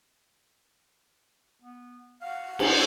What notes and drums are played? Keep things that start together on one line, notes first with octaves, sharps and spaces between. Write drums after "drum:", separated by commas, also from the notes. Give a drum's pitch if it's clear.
B3
F5 F#5
A#3, drum: cymbal